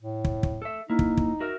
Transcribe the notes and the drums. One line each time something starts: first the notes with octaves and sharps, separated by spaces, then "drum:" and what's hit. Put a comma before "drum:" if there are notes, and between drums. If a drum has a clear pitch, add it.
A2
drum: kick
drum: kick
A4 E5
A#3 D#4 E4
drum: kick
drum: kick
F#4 A#4 E5